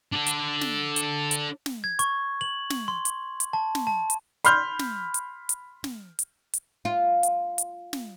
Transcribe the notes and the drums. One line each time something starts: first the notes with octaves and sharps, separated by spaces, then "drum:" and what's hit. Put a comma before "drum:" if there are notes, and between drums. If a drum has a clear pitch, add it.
D4 A4
drum: hi-hat
drum: snare
drum: hi-hat
drum: hi-hat
drum: snare
G#6
C#6, drum: hi-hat
F#7
drum: snare
C6
drum: hi-hat
drum: hi-hat
A5
drum: snare
A5
drum: hi-hat
B5 C6 F6 G6, drum: hi-hat
drum: snare
drum: hi-hat
drum: hi-hat
drum: snare
drum: hi-hat
drum: hi-hat
F4
drum: hi-hat
drum: hi-hat
drum: snare